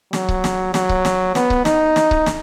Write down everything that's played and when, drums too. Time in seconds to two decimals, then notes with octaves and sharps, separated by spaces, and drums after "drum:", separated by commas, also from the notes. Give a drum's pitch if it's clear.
0.13 F#3, drum: snare
0.29 drum: kick C#1
0.44 drum: snare
0.74 F#3, drum: snare
0.89 drum: kick C#1
1.05 drum: snare
1.35 B3, drum: snare
1.50 drum: kick C#1
1.65 D#4, drum: snare
1.96 drum: snare
2.11 drum: kick C#1
2.26 drum: snare